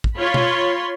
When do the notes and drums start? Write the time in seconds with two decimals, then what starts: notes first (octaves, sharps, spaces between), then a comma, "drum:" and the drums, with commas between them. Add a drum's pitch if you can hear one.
0.04 drum: kick
0.18 F4 C#5 B5 C6
0.34 drum: tom B2